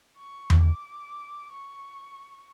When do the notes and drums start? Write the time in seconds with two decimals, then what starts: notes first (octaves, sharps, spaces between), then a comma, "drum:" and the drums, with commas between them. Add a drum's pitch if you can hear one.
0.17 C#6
0.50 drum: tom E2
0.62 D6
1.52 C#6